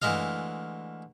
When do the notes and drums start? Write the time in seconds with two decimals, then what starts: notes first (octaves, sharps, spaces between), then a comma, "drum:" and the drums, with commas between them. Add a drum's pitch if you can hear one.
0.02 D2 E3 G#3 D#5 F5, drum: tom